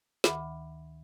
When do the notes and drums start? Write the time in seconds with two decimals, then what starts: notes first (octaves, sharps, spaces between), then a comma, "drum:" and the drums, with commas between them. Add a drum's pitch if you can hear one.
0.24 D2 D#3 E5 F#5 B5 D6, drum: snare